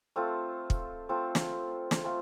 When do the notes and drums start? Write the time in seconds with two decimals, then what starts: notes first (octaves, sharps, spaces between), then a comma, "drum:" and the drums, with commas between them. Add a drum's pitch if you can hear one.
0.16 A3 C4 F4 A4
0.70 drum: kick
1.09 A3 C4 F4 A4
1.35 drum: snare
1.91 drum: snare
2.04 A3 C4 F4 A4